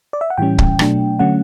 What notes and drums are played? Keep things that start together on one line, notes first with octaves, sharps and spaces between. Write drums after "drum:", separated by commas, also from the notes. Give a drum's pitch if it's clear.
D5
E5
F#5
A2 E3 G3 C#4 G5
drum: kick C#1
B2 F#3 A3 D4, drum: rim click
D3 F#3 A3 C#4 F#5